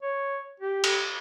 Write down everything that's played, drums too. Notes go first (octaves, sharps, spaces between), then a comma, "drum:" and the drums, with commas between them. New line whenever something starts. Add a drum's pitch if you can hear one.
C#5
G4
drum: cymbal